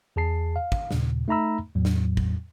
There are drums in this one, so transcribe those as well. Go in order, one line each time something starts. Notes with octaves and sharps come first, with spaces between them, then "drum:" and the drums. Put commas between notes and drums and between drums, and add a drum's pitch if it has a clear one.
E2 G#4 A5 C7
F5
drum: kick
D#2 A#2 C#3, drum: snare
A3 D#4 E5 A#5 B5 E6
E2 A2 F#3
drum: snare
drum: kick